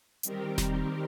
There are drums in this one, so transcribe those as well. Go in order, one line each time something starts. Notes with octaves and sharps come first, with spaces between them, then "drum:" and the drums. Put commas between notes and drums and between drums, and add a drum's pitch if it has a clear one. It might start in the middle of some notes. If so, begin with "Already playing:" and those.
D#3 G3 C4 G4 A#4, drum: hi-hat
drum: snare E1